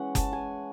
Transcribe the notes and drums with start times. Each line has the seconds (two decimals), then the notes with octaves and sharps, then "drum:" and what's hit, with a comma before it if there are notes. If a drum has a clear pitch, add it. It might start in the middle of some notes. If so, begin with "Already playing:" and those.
Already playing: E3 G#3 C#4 F#5
0.15 A5, drum: kick F#1, hi-hat
0.33 G#5